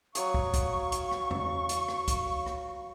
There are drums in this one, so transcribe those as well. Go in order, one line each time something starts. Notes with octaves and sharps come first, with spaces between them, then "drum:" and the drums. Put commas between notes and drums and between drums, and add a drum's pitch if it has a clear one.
F#3 C#5 F5 C#6 D#6, drum: hi-hat
drum: kick
drum: kick, hi-hat
drum: hi-hat
drum: rim click
drum: tom E2
drum: hi-hat
drum: rim click
drum: kick, hi-hat
drum: rim click